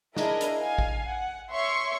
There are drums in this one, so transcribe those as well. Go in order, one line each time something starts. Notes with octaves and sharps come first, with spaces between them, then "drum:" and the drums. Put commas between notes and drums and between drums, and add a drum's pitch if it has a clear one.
D4 E4 G#4 A#4 D#5, drum: snare
drum: hi-hat
F5 G#5
drum: kick A1
F#5
C#5 E5 C6 C#6